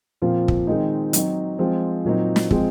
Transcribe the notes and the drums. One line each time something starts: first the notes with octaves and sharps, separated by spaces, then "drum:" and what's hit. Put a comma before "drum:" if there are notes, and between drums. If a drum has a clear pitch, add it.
A#2 F3 C4 F4
drum: kick
D#3 G#3 C4 D#4
F#3 C4 D#4, drum: hi-hat
F3 G#3 C4 F4
A#2 F#3 C4 D#4
drum: snare
F3 G#3 C4, drum: kick